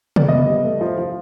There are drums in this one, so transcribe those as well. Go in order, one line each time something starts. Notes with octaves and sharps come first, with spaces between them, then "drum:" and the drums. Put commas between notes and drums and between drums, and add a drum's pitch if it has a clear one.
D5, drum: tom C3
B3 D#5
G3
A3
F3
F3